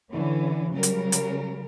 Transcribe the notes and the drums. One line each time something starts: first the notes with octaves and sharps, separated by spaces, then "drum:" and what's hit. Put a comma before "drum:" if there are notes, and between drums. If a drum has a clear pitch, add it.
D3 E3 C#4
C#3 F#3 G3 A#4
drum: hi-hat
drum: hi-hat